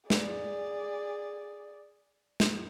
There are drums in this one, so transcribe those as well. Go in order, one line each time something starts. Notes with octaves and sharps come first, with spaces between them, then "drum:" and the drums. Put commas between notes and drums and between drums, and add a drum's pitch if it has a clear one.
G#4 D5, drum: snare
drum: snare